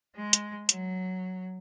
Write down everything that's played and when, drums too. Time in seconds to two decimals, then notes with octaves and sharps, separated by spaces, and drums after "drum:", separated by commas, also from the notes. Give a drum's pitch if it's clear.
0.16 G#3
0.33 drum: hi-hat
0.69 F#3, drum: hi-hat